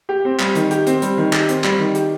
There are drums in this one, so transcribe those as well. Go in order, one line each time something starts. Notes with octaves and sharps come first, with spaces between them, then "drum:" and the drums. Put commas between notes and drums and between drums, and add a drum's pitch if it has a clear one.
G4
C4
G3, drum: clap
D#3, drum: hi-hat
G4, drum: hi-hat
C4, drum: hi-hat
G3, drum: hi-hat
D#3
G4, drum: clap
C4, drum: hi-hat
G3, drum: clap
D#3
G4, drum: hi-hat